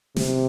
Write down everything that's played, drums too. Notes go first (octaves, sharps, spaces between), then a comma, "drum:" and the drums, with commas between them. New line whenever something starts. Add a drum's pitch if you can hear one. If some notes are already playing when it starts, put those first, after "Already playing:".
C3, drum: snare